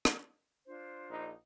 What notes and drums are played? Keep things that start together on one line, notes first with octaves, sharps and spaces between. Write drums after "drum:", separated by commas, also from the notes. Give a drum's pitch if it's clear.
drum: rim click
D4 F4 C5
A#1 D#4